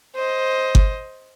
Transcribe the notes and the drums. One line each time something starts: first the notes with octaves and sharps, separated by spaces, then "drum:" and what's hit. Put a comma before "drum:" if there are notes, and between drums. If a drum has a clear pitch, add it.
C5 D#5
drum: kick G1